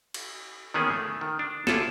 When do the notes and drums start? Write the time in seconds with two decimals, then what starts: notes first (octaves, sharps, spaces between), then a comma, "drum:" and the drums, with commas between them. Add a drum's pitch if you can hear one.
0.14 drum: cymbal
0.74 D#3 E3 A#3 B3 C#4 G#4
0.94 A3
1.21 D#3
1.39 D4
1.67 D3 E4 F4 G#4 A4, drum: snare